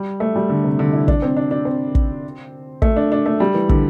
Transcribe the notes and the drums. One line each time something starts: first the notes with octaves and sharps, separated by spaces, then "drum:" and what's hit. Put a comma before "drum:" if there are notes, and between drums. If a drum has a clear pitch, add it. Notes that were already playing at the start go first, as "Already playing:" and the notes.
Already playing: G3
A3
G3
D3
C3
D3
E4
D4, drum: kick
C4
D4
D4
C4
drum: kick
A3, drum: kick
D4
D4
A3
G3
E3
D3, drum: kick